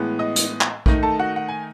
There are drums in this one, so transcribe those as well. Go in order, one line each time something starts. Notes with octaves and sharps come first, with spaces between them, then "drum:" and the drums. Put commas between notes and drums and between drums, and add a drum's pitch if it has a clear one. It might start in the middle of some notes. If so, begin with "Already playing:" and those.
Already playing: A2 E3 G#3 B3
D#5 D#6
drum: hi-hat
drum: clap
D#3 A3 D#4, drum: kick A#1
A4 A5
F#4 F#5
F#5
G#5